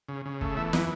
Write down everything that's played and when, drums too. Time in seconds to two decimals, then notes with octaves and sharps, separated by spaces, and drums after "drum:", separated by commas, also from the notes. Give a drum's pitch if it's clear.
0.09 C#3
0.25 C#3
0.41 A3, drum: kick
0.57 E2 E5
0.73 E3 D#5, drum: snare